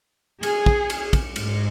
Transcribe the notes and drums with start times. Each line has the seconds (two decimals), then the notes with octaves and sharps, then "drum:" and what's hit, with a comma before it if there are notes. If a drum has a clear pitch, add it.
0.43 G#4, drum: cymbal
0.66 drum: kick
0.90 drum: cymbal
1.13 drum: kick, cymbal
1.36 G#2 G#3, drum: cymbal